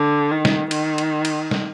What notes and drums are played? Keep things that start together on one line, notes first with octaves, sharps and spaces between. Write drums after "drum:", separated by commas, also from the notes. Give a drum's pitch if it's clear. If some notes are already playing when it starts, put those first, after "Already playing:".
Already playing: D3
D#3
drum: snare
D#3, drum: cymbal
drum: cymbal
drum: cymbal
drum: snare